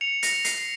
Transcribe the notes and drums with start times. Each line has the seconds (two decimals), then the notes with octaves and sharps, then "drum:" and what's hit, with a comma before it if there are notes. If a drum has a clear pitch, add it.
0.01 C#7 F7
0.23 A#6 C#7, drum: hi-hat
0.45 C7, drum: hi-hat